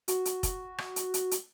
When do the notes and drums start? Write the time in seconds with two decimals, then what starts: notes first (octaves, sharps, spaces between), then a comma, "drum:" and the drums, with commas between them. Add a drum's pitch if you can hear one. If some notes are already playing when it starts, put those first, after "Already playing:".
0.08 F#4, drum: hi-hat
0.25 drum: hi-hat
0.43 drum: kick F1, hi-hat
0.78 drum: rim click
0.96 drum: hi-hat
1.14 drum: hi-hat
1.31 drum: hi-hat